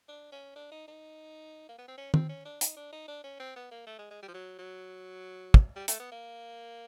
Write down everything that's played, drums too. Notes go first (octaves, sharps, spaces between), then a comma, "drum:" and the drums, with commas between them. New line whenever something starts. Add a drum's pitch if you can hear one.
D4
C#4
D4
D#4
D#4
A#3
B3
C4
C#4
C4, drum: tom D#3
C#4
D4
D#4, drum: hi-hat
D4
D#4
D4
C#4
C4
B3
A#3
A3
G#3
G#3
G3
F3
F#3
F#3
drum: kick
G3
A3, drum: hi-hat
B3
A#3